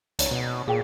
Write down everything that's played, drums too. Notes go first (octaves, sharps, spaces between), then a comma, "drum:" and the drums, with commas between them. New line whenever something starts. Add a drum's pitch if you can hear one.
C#2 C#5 D5, drum: hi-hat
B2
A#2 G#4 F5 G5